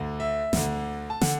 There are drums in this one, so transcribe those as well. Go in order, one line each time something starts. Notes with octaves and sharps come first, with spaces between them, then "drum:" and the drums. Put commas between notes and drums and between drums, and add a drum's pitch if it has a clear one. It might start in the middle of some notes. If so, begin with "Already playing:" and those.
Already playing: D2 D3
E5
D2 D3, drum: snare
A5
D3 F#5, drum: snare